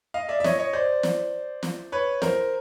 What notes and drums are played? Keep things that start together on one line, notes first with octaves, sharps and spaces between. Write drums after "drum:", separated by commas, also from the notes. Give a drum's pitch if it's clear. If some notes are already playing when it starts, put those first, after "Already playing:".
D#5 F5
D5 E5
E5
C#5 D#5, drum: snare
C#5 D#5
C5 D5
drum: snare
drum: snare
B4 C#5
A#4 C5, drum: snare